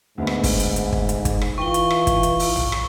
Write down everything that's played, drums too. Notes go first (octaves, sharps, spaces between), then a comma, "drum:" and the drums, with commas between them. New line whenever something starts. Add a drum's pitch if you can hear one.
D2 G#2 B3
drum: rim click
drum: kick, open hi-hat
drum: hi-hat
drum: hi-hat
drum: kick
drum: hi-hat
drum: kick, hi-hat
drum: rim click
E3 F4 G5 C#6 G7
drum: hi-hat
drum: rim click
drum: kick, hi-hat
drum: hi-hat
drum: open hi-hat
drum: tom
drum: rim click